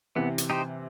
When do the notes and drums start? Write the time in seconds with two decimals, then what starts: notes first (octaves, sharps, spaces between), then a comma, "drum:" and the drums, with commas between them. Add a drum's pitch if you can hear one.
0.16 C3 E3 B3
0.38 drum: hi-hat
0.50 D#4 G4 C5